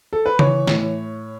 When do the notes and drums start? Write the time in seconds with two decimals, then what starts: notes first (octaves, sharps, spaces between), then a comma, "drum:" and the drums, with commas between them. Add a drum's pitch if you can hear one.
0.13 A4
0.26 B4
0.39 E3 C#5, drum: tom C#3
0.68 A2, drum: snare